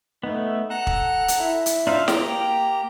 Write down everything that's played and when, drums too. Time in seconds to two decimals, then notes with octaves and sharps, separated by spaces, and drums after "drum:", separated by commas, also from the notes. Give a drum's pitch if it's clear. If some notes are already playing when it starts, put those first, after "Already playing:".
0.23 A3 B3 D#4
0.70 A4 F#5 A#5 F#6
0.87 drum: kick
1.28 drum: hi-hat
1.40 E4
1.66 drum: hi-hat
1.87 D4 D#4 F4 C5 E5 F5
2.08 A#3 G4 G5 A#5, drum: snare